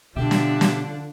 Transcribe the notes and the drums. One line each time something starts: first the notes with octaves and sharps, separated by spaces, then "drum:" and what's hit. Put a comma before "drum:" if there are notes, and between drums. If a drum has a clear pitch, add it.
B2 D3 F3 B3 D4 G4 E5
drum: snare
drum: snare